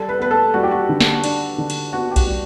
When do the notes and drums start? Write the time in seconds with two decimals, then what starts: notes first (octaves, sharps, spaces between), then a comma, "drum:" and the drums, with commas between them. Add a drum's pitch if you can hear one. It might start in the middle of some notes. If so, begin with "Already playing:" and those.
Already playing: G3 A4
0.09 B4
0.19 B3 B4
0.31 A4
0.54 G3 F#4
0.63 G4
0.71 F#4
0.89 D3
1.01 drum: snare
1.24 D4, drum: cymbal
1.58 D3
1.70 drum: cymbal
1.92 B3 F#4
2.11 G4
2.16 F#4, drum: kick B1, cymbal
2.27 G3